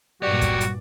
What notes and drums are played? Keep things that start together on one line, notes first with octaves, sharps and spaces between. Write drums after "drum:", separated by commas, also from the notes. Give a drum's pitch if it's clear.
G2 A#2 F#3 F#4 G4 D5
drum: kick, hi-hat
drum: hi-hat